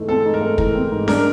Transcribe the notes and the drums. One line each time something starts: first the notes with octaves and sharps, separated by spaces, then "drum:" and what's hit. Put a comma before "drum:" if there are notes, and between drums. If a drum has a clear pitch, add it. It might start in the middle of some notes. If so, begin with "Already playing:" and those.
Already playing: G#2 E3 A3
C4 A4
G#2
A#4
A3
E3 A#4, drum: kick
C4
G#2
D4 A#4, drum: snare C#4